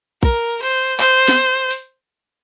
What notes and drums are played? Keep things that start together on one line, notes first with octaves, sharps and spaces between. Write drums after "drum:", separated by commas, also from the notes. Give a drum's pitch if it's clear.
A#4, drum: kick
C5
C5, drum: clap
drum: snare B3
drum: open hi-hat